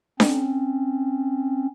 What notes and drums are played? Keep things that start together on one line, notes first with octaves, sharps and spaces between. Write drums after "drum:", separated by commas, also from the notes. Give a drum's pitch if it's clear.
C4 C#4, drum: snare D4